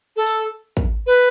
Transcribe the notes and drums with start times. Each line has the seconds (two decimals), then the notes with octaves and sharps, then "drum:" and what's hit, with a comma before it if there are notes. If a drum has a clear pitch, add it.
0.16 A4
0.26 drum: hi-hat
0.77 drum: kick
1.07 B4